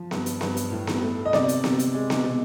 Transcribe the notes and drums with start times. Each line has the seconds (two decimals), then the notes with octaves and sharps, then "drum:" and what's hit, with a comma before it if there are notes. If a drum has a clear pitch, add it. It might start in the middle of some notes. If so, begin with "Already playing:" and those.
Already playing: F3
0.11 G2, drum: snare B3
0.26 drum: hi-hat
0.41 G2, drum: snare B3
0.57 drum: hi-hat
0.72 A2
0.87 drum: snare B3
1.03 A3
1.25 D#5
1.33 C3 D5, drum: snare B3
1.49 drum: hi-hat
1.64 C3, drum: snare B3
1.79 drum: hi-hat
1.94 G#3
2.10 drum: snare B3
2.25 B2